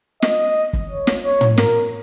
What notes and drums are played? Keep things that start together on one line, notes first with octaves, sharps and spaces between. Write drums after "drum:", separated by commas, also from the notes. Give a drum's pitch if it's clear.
D#5, drum: snare
drum: kick
C#5
drum: snare
C#5
drum: tom
A#4, drum: snare